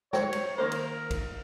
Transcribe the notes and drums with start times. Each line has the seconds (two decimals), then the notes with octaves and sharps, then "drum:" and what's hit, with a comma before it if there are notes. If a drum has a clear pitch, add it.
0.13 F#4 C5 C#5 G5, drum: snare
0.33 drum: cymbal
0.58 D#3 A#3 A#4 C5
0.72 drum: cymbal
1.11 drum: kick A#1, cymbal